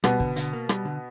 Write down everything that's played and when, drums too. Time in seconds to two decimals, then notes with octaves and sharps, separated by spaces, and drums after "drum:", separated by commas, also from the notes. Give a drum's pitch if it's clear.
0.04 B2 G3 B3, drum: rim click
0.20 D3, drum: kick
0.36 D3, drum: hi-hat
0.53 A#3
0.69 G3, drum: rim click
0.85 D3